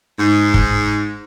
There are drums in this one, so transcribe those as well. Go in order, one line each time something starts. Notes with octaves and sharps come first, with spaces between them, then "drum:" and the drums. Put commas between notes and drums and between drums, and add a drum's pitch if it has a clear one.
G#2
drum: kick